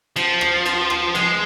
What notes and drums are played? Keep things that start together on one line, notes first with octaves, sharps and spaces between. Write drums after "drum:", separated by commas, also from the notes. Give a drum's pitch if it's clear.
F3, drum: cymbal
drum: rim click
drum: cymbal
drum: rim click
G#3, drum: cymbal